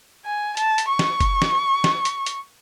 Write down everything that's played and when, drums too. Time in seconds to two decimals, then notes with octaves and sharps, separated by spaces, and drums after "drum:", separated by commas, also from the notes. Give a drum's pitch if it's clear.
0.26 G#5
0.57 A5, drum: hi-hat
0.78 drum: hi-hat
0.89 C#6
0.99 drum: snare
1.21 drum: kick F#1, hi-hat
1.42 drum: snare
1.84 drum: snare
2.05 drum: hi-hat
2.26 drum: hi-hat